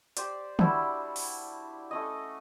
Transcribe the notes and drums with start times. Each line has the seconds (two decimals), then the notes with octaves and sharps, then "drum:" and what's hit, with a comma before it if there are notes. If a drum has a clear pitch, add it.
0.17 G4 C5 D5, drum: hi-hat
0.59 G3 D4 E4 F#4, drum: tom
1.16 drum: open hi-hat
1.91 A3 C#4 D#5